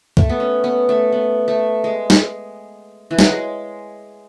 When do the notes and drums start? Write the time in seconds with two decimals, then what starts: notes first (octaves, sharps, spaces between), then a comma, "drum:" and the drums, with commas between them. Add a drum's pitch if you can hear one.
0.17 A3, drum: kick
0.29 B3
0.40 C#4
0.64 B3
0.89 A3
1.12 B3
1.48 A3
1.84 G#3
2.10 drum: snare
3.11 E3
3.19 F#3, drum: snare
3.28 G#3